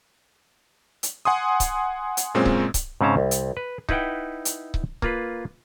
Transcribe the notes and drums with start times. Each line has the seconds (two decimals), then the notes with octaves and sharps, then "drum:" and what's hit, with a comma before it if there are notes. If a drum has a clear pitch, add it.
1.03 drum: hi-hat
1.25 F#5 G#5 C6 D#6
1.60 drum: kick C#1, hi-hat
2.17 drum: hi-hat
2.34 F#2 A#2 G#3 C4 C#4
2.46 drum: kick C#1
2.74 drum: kick C#1, hi-hat
3.01 G#2 C#3 C4 C#4 A5 A#5
3.17 C2
3.31 drum: hi-hat
3.57 B4
3.89 D#4 E4 B4 F#5 G5, drum: kick C#1
4.45 drum: hi-hat
4.74 drum: kick C#1
5.02 A#3 F4 B4, drum: kick C#1